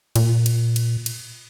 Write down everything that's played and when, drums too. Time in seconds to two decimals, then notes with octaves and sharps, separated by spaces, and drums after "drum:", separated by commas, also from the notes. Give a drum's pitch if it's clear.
0.16 A#2, drum: cymbal
0.46 drum: cymbal
0.76 drum: cymbal
1.06 drum: cymbal